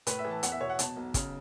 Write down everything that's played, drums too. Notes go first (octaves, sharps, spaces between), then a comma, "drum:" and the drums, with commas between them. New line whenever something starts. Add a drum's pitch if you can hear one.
A2 B4, drum: hi-hat
E5
E3
A5
E2 F#5, drum: hi-hat
E5
B2 C#5
F#5
B2 A5, drum: hi-hat
B1
C#3, drum: kick, hi-hat